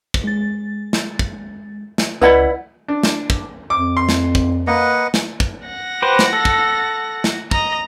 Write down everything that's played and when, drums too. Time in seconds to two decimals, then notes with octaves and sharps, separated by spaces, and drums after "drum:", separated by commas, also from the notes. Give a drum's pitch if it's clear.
0.14 drum: kick
0.24 G#3 A6
0.93 drum: snare
1.19 drum: kick
1.98 drum: snare
2.21 C#2 E4 B4 D5 D#5 F#5 B5
2.88 D4
3.03 drum: snare
3.30 drum: kick
3.70 F2 D6
3.97 C6
4.09 drum: snare
4.35 drum: kick
4.67 A#3 B4 D#5 F#5
5.14 drum: snare
5.40 drum: kick
5.66 F#5 A#6
6.02 G4 B4 C5
6.19 drum: snare
6.33 A4
6.45 drum: kick
7.24 drum: snare
7.51 D#5 A#5, drum: kick